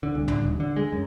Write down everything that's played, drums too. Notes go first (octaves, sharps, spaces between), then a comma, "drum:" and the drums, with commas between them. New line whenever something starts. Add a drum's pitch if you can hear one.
D3
C2
D3, drum: tom
D#1
D3
G#3
F#2